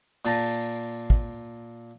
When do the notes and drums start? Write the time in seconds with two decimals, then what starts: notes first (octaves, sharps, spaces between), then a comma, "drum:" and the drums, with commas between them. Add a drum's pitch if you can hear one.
0.25 A#2 A5 A#5, drum: open hi-hat
1.10 drum: kick